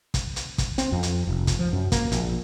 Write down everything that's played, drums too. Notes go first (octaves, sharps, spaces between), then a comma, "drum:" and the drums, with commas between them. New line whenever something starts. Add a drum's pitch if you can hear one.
drum: kick, hi-hat
drum: hi-hat
drum: kick, hi-hat
C4, drum: hi-hat
F2
drum: hi-hat
F1
drum: kick, hi-hat
F3
F#2
A#3, drum: kick, hi-hat
A#1, drum: hi-hat